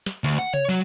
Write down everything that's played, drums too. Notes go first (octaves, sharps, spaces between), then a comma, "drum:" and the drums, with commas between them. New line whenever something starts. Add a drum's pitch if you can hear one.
drum: snare
D2
F#5
C#5, drum: tom C3
F#3